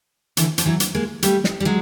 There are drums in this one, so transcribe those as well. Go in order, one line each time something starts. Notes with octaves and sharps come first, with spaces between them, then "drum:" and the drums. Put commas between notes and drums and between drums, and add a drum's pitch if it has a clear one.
D3 E3, drum: hi-hat
F3, drum: hi-hat
E3 F#3
drum: hi-hat
G#3 A#3
G3 A3, drum: hi-hat
drum: snare
G3
F#3 G#3